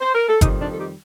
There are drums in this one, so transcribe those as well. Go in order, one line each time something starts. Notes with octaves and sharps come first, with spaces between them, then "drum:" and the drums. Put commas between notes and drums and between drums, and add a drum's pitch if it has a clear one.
C5
A#4
A4
F2 D#3 G3 D#4 G4, drum: kick G1, hi-hat
D4 F4
A4
D#4 G4